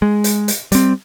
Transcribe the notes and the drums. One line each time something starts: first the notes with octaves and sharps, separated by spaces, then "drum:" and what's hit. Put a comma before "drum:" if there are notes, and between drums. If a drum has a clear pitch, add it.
G#3
drum: hi-hat
drum: hi-hat
G3 C4, drum: hi-hat